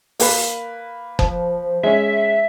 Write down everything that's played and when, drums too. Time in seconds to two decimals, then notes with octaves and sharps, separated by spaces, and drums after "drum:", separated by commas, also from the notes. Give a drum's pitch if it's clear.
0.20 A#3 B4, drum: open hi-hat
1.19 F3, drum: kick F#1
1.83 G#3 C#4 E5